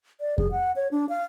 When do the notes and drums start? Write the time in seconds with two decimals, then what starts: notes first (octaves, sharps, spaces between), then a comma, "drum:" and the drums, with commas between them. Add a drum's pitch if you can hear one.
0.21 D5
0.38 G#4, drum: kick F2
0.52 F#5
0.76 C#5
0.91 D4
1.09 F5